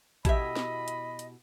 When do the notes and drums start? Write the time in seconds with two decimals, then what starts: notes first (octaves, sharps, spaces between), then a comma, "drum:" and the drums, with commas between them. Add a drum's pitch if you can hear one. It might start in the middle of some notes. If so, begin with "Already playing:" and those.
0.25 B2 E4 G4 A4 D#5 E5 B5, drum: kick A1, hi-hat
0.56 drum: snare
0.88 drum: hi-hat
1.19 drum: hi-hat